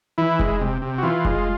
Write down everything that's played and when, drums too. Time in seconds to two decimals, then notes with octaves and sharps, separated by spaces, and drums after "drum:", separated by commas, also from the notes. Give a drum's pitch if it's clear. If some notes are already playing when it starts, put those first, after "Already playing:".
0.18 E3 E4
0.39 G#3, drum: kick F1
0.61 C3
0.82 C3
0.98 F#4
1.03 E3 F4
1.25 G#3, drum: kick F1